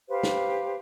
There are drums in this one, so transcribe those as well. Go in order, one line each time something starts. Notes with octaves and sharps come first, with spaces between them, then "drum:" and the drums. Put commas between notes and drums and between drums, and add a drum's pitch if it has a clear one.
G4 B4 C5 F5
drum: snare